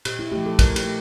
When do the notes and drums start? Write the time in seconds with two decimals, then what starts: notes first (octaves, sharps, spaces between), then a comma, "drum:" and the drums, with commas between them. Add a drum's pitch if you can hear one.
0.05 A#2 G4, drum: cymbal
0.19 E4
0.32 F3 A3 G4
0.46 A4
0.59 A#2 A#4, drum: kick, cymbal
0.76 G4, drum: cymbal
0.85 A3